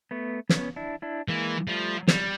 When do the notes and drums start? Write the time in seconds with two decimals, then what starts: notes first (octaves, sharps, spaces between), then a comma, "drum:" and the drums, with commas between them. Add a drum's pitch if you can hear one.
0.11 A3 B3
0.49 B3 C#4, drum: snare
0.76 D4 E4
1.02 D4 E4
1.28 E3 G#3 A#3
1.68 F3 G3 A3
2.08 G3, drum: snare